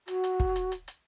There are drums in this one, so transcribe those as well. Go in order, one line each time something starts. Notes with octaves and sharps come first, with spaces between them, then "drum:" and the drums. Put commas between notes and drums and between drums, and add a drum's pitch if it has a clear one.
F#4, drum: hi-hat
drum: hi-hat
drum: kick
drum: hi-hat
drum: hi-hat
drum: hi-hat